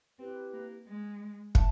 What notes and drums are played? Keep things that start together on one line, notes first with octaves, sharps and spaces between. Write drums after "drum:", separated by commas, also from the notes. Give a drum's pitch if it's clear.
C4 E4 G4 B4
A#3
G#3
E5 A5, drum: kick